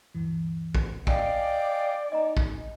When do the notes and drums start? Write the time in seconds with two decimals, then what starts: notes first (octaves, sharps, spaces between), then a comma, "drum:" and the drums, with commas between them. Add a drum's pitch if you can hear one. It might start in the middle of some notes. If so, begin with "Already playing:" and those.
0.15 D2 G2 E3
0.75 drum: kick
1.07 D5 D#5 F5 G5 G#5, drum: kick
2.12 D#4 D#5 A#5
2.37 drum: kick